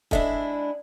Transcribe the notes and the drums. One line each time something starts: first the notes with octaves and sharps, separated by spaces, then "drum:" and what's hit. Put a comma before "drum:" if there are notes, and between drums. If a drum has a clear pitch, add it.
G#3 D4 E4 A4 D#5 E5, drum: kick